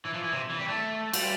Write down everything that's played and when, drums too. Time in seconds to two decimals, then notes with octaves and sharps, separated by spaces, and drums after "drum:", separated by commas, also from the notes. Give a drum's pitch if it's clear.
0.05 E3
0.14 F3
0.23 E3
0.33 C3
0.50 E3
0.59 G3
0.68 A3
1.13 G3, drum: cymbal